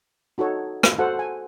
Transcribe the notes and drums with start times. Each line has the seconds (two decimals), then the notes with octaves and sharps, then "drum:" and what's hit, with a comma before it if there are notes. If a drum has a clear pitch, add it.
0.38 D#4 F#4 A4 C#5
0.83 drum: rim click
0.98 F#4 A4 C5 F#5
1.19 G#5